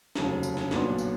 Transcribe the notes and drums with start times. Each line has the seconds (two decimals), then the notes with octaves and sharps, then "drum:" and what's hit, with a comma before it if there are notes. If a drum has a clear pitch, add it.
0.15 F1 D#2 C#3 F#3, drum: snare
0.43 drum: tambourine
0.57 drum: snare
0.71 B1 A#2 F#3 B3 D4, drum: snare
0.98 drum: tambourine